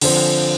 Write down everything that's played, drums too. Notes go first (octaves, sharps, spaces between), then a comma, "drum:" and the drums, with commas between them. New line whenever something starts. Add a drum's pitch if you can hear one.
D3 F3 C4, drum: open hi-hat